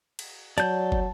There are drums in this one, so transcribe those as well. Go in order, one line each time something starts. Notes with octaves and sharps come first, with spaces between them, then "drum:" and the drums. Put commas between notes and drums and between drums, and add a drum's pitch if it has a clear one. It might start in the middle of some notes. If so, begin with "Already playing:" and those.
drum: cymbal
F#3 D5 A5 G6, drum: hi-hat
drum: kick